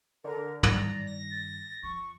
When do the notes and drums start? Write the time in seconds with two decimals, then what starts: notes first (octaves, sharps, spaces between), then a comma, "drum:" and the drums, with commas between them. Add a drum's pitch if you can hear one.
0.24 D3 A#4
0.63 G2 D#3 D5 A#5, drum: tom
1.07 A#6
1.31 A6
1.83 F2 C#6